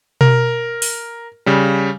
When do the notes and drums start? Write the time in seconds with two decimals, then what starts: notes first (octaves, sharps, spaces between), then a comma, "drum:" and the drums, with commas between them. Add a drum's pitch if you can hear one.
0.21 A#4, drum: tom B2
0.82 drum: open hi-hat
1.46 C#3 G3